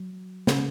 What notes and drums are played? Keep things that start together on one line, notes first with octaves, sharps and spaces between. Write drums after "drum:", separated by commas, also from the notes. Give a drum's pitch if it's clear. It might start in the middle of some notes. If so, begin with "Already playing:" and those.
Already playing: F#3
C#3, drum: snare